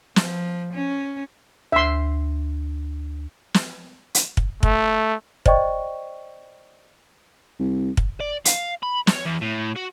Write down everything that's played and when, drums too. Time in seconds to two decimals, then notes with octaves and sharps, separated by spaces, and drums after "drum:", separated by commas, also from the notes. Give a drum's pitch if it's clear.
0.16 F3, drum: snare
0.73 C#4
1.72 D2 E5 C6
3.54 drum: snare
4.15 drum: hi-hat
4.37 drum: kick
4.63 A3, drum: kick
5.46 C5 D5 D#5 G5 C#6, drum: kick
7.59 C2
7.97 drum: kick
8.20 D5
8.45 F5, drum: hi-hat
8.83 B5
9.07 C#5, drum: snare
9.25 E2
9.41 A2
9.76 F#4